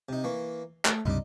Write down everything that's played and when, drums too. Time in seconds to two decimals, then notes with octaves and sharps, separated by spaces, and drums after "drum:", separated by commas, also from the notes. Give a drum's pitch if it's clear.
0.09 C3 D#4
0.24 E3 A#3 C#6
0.85 A3, drum: clap
1.06 C#2 G2 C3 D#4 D5